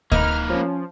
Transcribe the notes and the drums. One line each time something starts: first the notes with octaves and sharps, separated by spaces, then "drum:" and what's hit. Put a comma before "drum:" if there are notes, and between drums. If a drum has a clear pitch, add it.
A#3 D#4 B4 F6, drum: kick D2
F3 C#4